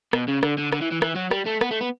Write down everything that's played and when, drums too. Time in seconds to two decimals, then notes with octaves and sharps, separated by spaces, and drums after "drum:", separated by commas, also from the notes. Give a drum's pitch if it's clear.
0.13 B2, drum: rim click
0.28 C#3
0.43 D3, drum: rim click
0.58 D3
0.72 D3, drum: rim click
0.82 E3
0.92 E3
1.02 E3, drum: rim click
1.16 F#3
1.31 G3, drum: rim click
1.47 A3
1.61 B3, drum: rim click
1.71 A3
1.81 B3